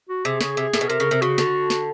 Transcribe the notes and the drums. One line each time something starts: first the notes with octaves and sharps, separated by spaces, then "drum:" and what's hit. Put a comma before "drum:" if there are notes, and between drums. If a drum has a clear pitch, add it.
F#4
C3 G#4
C#3, drum: snare
C3
A2, drum: snare
B2
C3 A#4
C#3
C3
C#3 F#4
D3, drum: snare
drum: snare